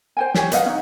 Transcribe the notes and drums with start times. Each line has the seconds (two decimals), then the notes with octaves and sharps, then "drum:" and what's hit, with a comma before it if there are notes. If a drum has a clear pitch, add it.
0.17 C5 G5 G#5
0.34 G4 C#5 G#5, drum: snare
0.52 B4 D#5 F5 F#5, drum: hi-hat
0.66 C#4 D#4